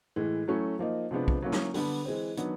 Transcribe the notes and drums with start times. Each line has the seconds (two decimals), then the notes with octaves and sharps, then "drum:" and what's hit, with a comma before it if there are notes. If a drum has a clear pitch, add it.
0.16 A2 E3 G#3
0.48 F#3 A3 C#4 E4
0.79 F3 A#3 D#4
1.11 C3 F3 G#3 B3 D4
1.28 drum: kick
1.42 F#3 A#3 C#4 E4
1.52 drum: snare
1.74 D3 G3 B3 D4, drum: open hi-hat
2.05 E3 G#3 C4
2.37 D#3 F#3 B3 D4, drum: hi-hat